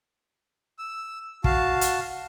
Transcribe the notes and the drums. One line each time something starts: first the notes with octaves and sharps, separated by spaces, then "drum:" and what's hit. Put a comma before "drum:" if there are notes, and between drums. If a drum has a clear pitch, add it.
E6
F#4 F5 A5, drum: kick
drum: hi-hat